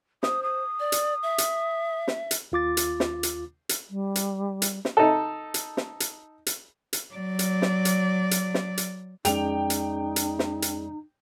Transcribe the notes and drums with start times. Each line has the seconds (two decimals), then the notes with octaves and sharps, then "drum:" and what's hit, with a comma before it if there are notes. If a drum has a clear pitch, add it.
0.23 C5 D#6, drum: snare
0.43 D#6
0.80 D5
0.92 drum: hi-hat
1.23 E5
1.38 drum: hi-hat
2.08 drum: snare
2.31 drum: hi-hat
2.52 D#2 F4 D6 A6
2.77 drum: hi-hat
3.00 drum: snare
3.23 drum: hi-hat
3.69 drum: hi-hat
3.90 G3
4.15 drum: hi-hat
4.62 drum: hi-hat
4.85 drum: snare
4.97 D#4 A4
5.54 drum: hi-hat
5.77 drum: snare
6.00 drum: hi-hat
6.46 drum: hi-hat
6.93 drum: hi-hat
7.14 F#3 D5
7.39 drum: hi-hat
7.62 drum: snare
7.85 drum: hi-hat
8.31 drum: hi-hat
8.54 drum: snare
8.77 drum: hi-hat
9.25 F2 G#3 C#4 D#4 G#4 D5 G5 F7, drum: hi-hat
9.70 drum: hi-hat
10.16 drum: hi-hat
10.39 drum: snare
10.62 drum: hi-hat